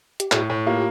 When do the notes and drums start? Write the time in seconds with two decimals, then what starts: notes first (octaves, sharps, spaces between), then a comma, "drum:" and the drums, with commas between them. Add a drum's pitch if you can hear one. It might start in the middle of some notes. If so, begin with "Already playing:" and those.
0.20 G4, drum: hi-hat
0.32 A2 F#4 G#4, drum: clap
0.50 A2
0.66 A#3 F4 G4